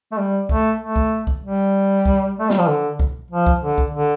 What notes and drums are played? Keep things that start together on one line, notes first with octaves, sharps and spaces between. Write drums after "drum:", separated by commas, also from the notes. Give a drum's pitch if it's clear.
A3
G3
A3, drum: kick
A3
drum: kick
drum: kick
G3
drum: kick
A3
G3, drum: snare
F3
D3
drum: kick
F3
drum: kick
D3
drum: kick
D3